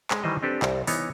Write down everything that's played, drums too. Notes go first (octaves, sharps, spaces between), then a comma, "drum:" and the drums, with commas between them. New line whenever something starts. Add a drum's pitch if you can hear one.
G#3, drum: clap
D#3 E3 G3 C5 D#5
C4 D4 G4 A4 B4
C2, drum: clap
E3 B3 D#4 C#5, drum: open hi-hat